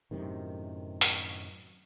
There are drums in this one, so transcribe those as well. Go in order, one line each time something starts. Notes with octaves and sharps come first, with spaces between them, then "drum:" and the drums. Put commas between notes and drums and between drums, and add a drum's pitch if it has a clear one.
F#2 A2 C3 D#3
drum: open hi-hat